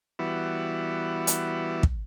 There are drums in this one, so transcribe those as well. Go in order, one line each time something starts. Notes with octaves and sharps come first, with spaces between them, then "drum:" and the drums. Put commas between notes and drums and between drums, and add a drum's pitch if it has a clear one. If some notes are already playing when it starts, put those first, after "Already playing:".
E3 G3 B3 E4 F#4
drum: hi-hat
drum: kick